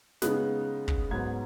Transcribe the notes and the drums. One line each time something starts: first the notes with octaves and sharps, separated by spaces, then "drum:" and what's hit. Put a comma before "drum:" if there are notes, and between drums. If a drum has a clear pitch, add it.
C#3 G#3 B3 D#4 F#6, drum: snare
drum: kick
G#2 F#3 B3 G#6